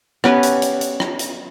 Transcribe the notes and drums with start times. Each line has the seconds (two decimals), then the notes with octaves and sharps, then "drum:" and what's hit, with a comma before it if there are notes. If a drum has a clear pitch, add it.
0.24 B3 C#4 G4 B4, drum: rim click
0.43 drum: hi-hat
0.62 drum: hi-hat
0.81 drum: hi-hat
1.00 drum: rim click
1.19 drum: hi-hat